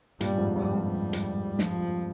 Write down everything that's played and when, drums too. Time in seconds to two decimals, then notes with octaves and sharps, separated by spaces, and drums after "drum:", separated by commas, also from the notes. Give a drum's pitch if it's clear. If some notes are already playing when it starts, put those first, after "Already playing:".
0.21 G2 A#2 G3, drum: hi-hat
0.33 A#2
0.37 F2 G#2
0.56 G2 G3
0.73 F2
0.90 G3
1.13 drum: hi-hat
1.59 F3, drum: snare